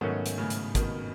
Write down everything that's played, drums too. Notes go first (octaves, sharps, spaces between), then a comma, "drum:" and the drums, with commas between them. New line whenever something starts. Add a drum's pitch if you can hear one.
G#2 B2 D#3 F#3 A3 C#4
drum: hi-hat
A2 C#3
drum: hi-hat
B2 D#3, drum: kick, hi-hat